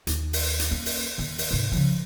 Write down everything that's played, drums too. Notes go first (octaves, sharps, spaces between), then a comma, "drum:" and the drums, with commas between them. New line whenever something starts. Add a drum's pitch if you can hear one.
D#2, drum: hi-hat
drum: open hi-hat
drum: hi-hat
A#3 C#4
drum: open hi-hat
D#2 D#3
drum: open hi-hat
G#2 C3
C#3 F3